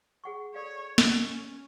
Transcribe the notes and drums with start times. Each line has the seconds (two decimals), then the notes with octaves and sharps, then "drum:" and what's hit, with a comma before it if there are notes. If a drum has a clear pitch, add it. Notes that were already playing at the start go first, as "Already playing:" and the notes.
0.24 G#4 F#5 C#6
0.54 A4 C#5 D5 F5
0.98 C#4 E5, drum: snare